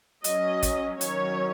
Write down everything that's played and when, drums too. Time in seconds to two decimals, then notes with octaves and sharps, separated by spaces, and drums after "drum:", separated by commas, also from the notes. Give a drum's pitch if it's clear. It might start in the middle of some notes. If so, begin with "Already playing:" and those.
0.24 F#3 C#4 D#5, drum: hi-hat
0.63 drum: kick, hi-hat
1.01 D#3 F#3 C#4 C#5, drum: hi-hat